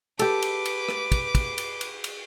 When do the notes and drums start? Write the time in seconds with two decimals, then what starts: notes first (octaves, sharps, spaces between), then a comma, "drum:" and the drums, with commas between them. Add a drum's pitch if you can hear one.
0.19 G4 A4 B4 D6, drum: cymbal
0.42 drum: cymbal
0.65 drum: cymbal
0.89 drum: rim click
1.12 drum: kick, cymbal
1.35 drum: kick, cymbal
1.58 drum: cymbal
1.81 drum: cymbal
2.04 drum: cymbal